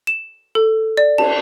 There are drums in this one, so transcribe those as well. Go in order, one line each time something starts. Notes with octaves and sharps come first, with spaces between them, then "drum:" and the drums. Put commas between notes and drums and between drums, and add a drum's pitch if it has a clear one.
E7
A4
D5
A5, drum: cymbal